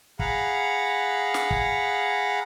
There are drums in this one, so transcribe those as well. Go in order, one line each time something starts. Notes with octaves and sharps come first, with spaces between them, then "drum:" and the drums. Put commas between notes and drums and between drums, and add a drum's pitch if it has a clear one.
G#4 F5 F#5 A#5 B5, drum: kick
drum: snare
drum: kick